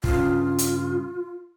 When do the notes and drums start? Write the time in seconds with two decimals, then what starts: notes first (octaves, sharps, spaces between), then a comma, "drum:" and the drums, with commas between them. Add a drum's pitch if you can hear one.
0.04 G2 C#3 F4, drum: kick
0.58 drum: hi-hat